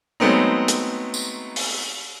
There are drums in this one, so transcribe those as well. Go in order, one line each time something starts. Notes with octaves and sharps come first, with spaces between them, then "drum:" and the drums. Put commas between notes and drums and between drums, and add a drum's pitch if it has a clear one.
F#3 G#3 A3 B3 C4 D#4
drum: hi-hat
drum: tambourine
drum: open hi-hat